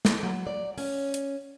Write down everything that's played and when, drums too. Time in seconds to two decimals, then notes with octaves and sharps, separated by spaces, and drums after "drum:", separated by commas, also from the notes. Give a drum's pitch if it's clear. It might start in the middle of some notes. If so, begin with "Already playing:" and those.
0.05 drum: snare
0.23 F#3
0.47 D5
0.78 C#4, drum: open hi-hat
1.14 drum: hi-hat